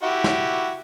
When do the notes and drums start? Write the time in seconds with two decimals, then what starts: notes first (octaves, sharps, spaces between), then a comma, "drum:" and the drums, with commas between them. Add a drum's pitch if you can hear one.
0.03 E4 F#4 G4
0.24 drum: snare